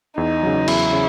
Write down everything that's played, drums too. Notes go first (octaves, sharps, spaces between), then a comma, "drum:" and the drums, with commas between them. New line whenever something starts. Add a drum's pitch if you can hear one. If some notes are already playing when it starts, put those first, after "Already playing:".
E2 D#4
C#3 F#3
E2 E4, drum: cymbal
C#3